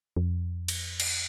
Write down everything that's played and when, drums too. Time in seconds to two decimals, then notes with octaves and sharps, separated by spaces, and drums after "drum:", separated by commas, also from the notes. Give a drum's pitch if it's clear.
0.17 F2
0.68 drum: cymbal
1.00 drum: cymbal